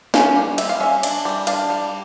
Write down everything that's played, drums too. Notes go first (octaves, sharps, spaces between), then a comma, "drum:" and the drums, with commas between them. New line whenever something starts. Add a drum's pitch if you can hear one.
C#4 F5, drum: snare
G3
G3 E5, drum: cymbal
F5
C#4 E5
D4, drum: cymbal
G3
D4 F5, drum: cymbal
G3